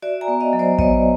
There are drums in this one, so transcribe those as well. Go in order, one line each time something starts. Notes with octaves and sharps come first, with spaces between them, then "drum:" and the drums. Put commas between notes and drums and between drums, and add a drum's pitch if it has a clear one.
F#4 D5 E5
G#5 A#5
B3
D#5 F5
F#3
C5 D5
B3 C#5 D#5, drum: kick A1